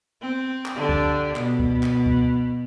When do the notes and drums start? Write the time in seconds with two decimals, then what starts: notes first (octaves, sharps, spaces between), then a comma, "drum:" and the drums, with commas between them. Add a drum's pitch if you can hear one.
0.21 C4
0.66 drum: clap
0.76 D3 D4 G4
0.89 drum: kick C#2
1.36 B2, drum: clap
1.59 drum: kick C#2
1.83 drum: clap
2.06 drum: kick C#2